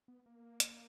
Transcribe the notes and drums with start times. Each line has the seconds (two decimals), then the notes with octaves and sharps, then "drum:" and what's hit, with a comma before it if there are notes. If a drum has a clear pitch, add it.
0.08 B3
0.26 A#3
0.60 drum: hi-hat